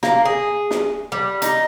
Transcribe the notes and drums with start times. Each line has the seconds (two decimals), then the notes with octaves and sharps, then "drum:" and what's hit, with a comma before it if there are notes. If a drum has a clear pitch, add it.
0.03 A#3, drum: snare
0.25 G#4
0.71 drum: snare
1.12 G3
1.42 D#4, drum: hi-hat